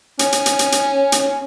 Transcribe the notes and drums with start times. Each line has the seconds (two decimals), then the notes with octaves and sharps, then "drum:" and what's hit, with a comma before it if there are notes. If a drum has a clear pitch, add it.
0.19 C#4, drum: hi-hat
0.32 drum: hi-hat
0.46 drum: hi-hat
0.59 drum: hi-hat
0.72 drum: hi-hat
1.12 drum: hi-hat